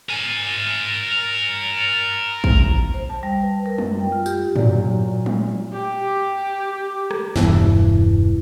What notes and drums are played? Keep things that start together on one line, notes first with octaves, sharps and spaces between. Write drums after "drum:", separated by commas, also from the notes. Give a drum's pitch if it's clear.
A#4 G#5
drum: kick
C5
A5
G3
B4
A#4
F#2, drum: tom F#3
G5
F4
G4, drum: tambourine
A#2 F#3, drum: tom G2
drum: tom F#3
G4
drum: rim click
E1 G2 E3, drum: snare